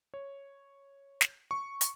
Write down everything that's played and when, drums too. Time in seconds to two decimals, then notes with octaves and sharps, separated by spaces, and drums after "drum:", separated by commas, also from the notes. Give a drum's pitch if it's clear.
0.14 C#5
1.21 drum: snare
1.51 C#6
1.81 drum: hi-hat